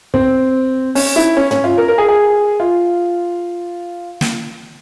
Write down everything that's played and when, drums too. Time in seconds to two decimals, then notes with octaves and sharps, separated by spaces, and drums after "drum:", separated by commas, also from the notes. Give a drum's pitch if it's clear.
0.14 C4, drum: kick
0.95 C#4, drum: open hi-hat
1.16 E4
1.37 C#4
1.51 C#4, drum: tom
1.64 F4
1.78 A#4
1.88 A#4
1.98 G#4
2.09 G#4
2.60 F4
4.21 drum: snare